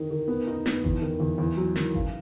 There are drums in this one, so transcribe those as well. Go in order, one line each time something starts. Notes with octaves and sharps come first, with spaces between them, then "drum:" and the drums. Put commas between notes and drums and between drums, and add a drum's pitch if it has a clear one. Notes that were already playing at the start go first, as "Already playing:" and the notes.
Already playing: D#3 D#4
D#3
B3
D#4
B3, drum: snare
E2, drum: kick G1
D#3
E2
E2
F#3
D#3, drum: snare
C#3, drum: kick G1